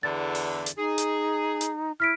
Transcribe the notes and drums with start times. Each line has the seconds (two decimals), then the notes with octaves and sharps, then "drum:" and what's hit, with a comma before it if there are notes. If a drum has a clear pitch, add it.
0.03 E2 D3 A6
0.35 drum: open hi-hat
0.66 drum: hi-hat
0.78 D#4 G#4
0.98 drum: hi-hat
1.61 drum: hi-hat
2.00 E4 F6 B6 D7